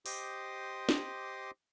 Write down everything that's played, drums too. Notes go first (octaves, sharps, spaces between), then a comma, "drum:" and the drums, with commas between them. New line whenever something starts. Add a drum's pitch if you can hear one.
G4 C5 D#5 C6 D6 D#6, drum: open hi-hat
drum: snare